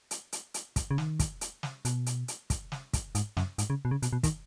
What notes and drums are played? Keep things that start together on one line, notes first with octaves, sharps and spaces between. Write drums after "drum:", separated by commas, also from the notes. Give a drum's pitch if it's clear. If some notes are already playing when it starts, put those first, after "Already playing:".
drum: hi-hat
drum: hi-hat
drum: hi-hat
drum: kick, hi-hat
C#3
D#3, drum: snare
drum: kick, hi-hat
drum: hi-hat
drum: snare
B2, drum: hi-hat
drum: hi-hat
drum: hi-hat
drum: kick, hi-hat
drum: snare
drum: kick, hi-hat
G#2, drum: hi-hat
F#2, drum: snare
G#2, drum: hi-hat
C#3
B2
C#3
B2, drum: hi-hat
B2
D#3, drum: kick, hi-hat